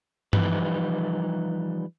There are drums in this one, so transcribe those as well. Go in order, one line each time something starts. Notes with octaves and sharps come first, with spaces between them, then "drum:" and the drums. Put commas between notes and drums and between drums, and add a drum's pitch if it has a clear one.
E3 F3 G3 D#4 B4, drum: tom G2